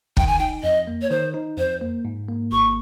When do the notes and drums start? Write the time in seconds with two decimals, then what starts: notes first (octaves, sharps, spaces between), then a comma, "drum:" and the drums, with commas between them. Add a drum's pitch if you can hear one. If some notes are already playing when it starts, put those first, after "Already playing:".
0.17 D#3 G5, drum: kick
0.27 G#5
0.39 D#4 G5
0.63 F2 D#5
0.87 A#3
1.02 C#5
1.10 D#3 C5
1.34 D#4
1.58 F2 C5
1.81 A#3
2.05 G#2
2.28 A#3
2.52 G#1 C#6